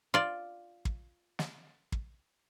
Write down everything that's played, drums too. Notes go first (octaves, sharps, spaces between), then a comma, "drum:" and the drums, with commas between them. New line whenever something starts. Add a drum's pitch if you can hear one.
F4 D5
drum: kick
drum: snare
drum: kick